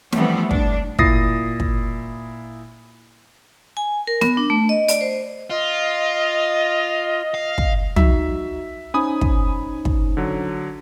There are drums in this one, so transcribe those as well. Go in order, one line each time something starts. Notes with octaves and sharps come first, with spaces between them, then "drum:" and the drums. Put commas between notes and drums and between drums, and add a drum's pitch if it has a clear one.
E3 F3 G3 A3 B3 C4, drum: snare
D4, drum: kick
A#2 E4 D#6 A6 A#6 C7, drum: kick
drum: kick
G#5
A#4
B3, drum: snare
D4
A3
D#5
D5, drum: hi-hat
C5
F4 D#5
F5
drum: kick
D#4 F#4 E5, drum: tom
C#4 D#4 C5 G#5 B5 D#6
drum: kick
drum: kick
D3 F#3